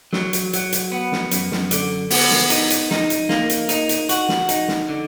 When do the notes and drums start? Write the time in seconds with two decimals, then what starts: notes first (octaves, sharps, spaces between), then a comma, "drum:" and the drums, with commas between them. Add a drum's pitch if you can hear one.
0.13 F#3, drum: snare
0.33 drum: hi-hat
0.53 F#3, drum: hi-hat
0.73 drum: hi-hat
0.92 B3
1.12 drum: snare
1.31 F#2, drum: hi-hat
1.52 drum: snare
1.71 D3, drum: hi-hat
2.10 B3, drum: open hi-hat
2.31 drum: snare
2.50 D#4, drum: hi-hat
2.70 drum: hi-hat
2.91 D#4, drum: snare
3.10 drum: hi-hat
3.29 A#3, drum: snare
3.50 drum: hi-hat
3.69 D#4, drum: hi-hat
3.89 drum: hi-hat
4.09 F#4, drum: hi-hat
4.29 drum: snare
4.49 D#4, drum: hi-hat
4.68 drum: snare
4.89 D3